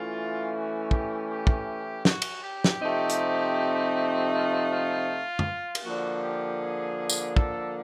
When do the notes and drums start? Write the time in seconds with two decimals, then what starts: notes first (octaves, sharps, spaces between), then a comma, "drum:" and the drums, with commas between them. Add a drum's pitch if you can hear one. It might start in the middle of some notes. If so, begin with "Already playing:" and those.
Already playing: E3 A3 C#4 E4 F4
0.54 F#4
0.91 G4, drum: kick
1.29 G4
1.47 drum: kick
2.05 F#4, drum: snare
2.22 drum: cymbal
2.42 G4
2.64 drum: snare
2.81 C3 F3 A3 C4 D#4
3.10 drum: hi-hat
4.33 F4
4.71 F4
5.39 drum: tom
5.75 drum: cymbal
5.84 D3 F3 A#3 F#4
6.22 G4
6.60 G#4
7.10 drum: tambourine
7.36 A4, drum: kick